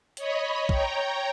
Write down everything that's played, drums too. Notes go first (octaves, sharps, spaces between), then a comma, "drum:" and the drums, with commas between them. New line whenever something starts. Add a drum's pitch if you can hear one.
C#5 D#5 B5, drum: hi-hat
C#5 G5 A#5, drum: kick